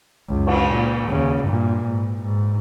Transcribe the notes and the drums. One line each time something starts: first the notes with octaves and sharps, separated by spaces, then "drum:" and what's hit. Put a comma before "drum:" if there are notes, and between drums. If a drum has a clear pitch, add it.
C#2 F#2
drum: cymbal
A#2
D#2 C#3
G2 A#2
G#2
G#2